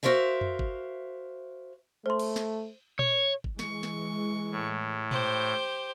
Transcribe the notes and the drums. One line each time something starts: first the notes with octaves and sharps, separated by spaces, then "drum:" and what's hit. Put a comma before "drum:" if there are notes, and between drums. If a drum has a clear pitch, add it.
F#4 A#4 C5 E5 F5
drum: tom F2
drum: kick
A3 C5 C6
drum: cymbal
drum: snare
C#5, drum: tom A#2
drum: kick
E3 G#3 C#6, drum: snare
drum: snare
A2
G4 C5, drum: tom A#2